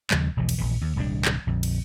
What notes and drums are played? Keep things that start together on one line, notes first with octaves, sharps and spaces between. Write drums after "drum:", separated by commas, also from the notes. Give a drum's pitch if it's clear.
D#2 C#3 F3 G#3, drum: clap
E1 B1 E2 F3
drum: cymbal
D#1 A#1 E3
D#2
D#1 C2 G#2 D4
drum: clap
A#1 F2
drum: cymbal